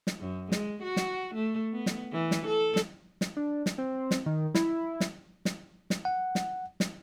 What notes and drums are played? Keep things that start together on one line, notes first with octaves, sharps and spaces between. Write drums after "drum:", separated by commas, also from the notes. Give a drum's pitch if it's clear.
drum: snare
F#2
G#3, drum: snare
F#4
drum: snare
A3
B3
drum: snare
E3
drum: snare
A4
drum: snare
drum: snare
D4
drum: snare
C4
drum: snare
D#3
E4, drum: snare
drum: snare
drum: snare
drum: snare
F#5
drum: snare
drum: snare